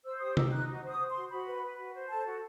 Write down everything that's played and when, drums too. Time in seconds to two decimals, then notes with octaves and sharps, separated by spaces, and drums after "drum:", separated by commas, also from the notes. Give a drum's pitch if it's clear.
0.05 C5 E6
0.20 G4 D#6
0.37 D#4 E6, drum: tom C3
0.52 D#4 F#6
0.68 F#4
0.84 C5
0.89 D#6
0.99 C5
1.10 C6
1.15 F#4
1.30 F#4 B5
1.47 B4
1.63 B4
1.78 F#4
1.94 C5
2.10 A4 A5
2.25 F#4